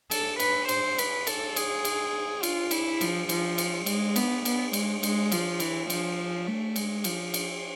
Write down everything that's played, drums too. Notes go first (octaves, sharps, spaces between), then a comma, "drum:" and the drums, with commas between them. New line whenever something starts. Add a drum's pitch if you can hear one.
A4, drum: cymbal
B4, drum: cymbal
C5, drum: cymbal
B4, drum: cymbal
A4, drum: cymbal
G#4, drum: cymbal
drum: cymbal
F4, drum: cymbal
E4, drum: cymbal
F3, drum: cymbal
F3, drum: cymbal
drum: cymbal
G#3, drum: cymbal
B3, drum: cymbal
B3, drum: cymbal
G#3, drum: cymbal
G#3, drum: cymbal
F3, drum: cymbal
E3, drum: cymbal
F3, drum: cymbal
A3
G#3, drum: cymbal
F3, drum: cymbal
drum: cymbal